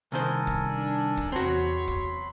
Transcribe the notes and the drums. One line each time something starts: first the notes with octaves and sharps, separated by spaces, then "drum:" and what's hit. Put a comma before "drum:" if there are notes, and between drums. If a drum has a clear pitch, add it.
C2 D#3 A4 A#4 C5 G#5
drum: kick
D4
drum: kick
E2 C3 F#3 C4 F#4 C#5 B5 C6
drum: kick